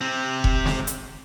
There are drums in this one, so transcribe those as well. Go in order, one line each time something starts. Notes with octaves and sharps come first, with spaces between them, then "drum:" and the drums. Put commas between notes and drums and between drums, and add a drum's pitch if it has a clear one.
C3 C4
drum: kick E1
drum: snare
drum: hi-hat